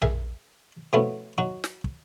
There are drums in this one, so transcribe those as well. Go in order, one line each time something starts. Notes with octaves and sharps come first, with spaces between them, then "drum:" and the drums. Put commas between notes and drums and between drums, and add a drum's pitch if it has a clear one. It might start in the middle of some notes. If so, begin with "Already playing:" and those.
G#4 A#4 E5, drum: tom A#1
B2 F3 A3 B3 C#4 E4
F#3 D#4 F#4
drum: snare
drum: kick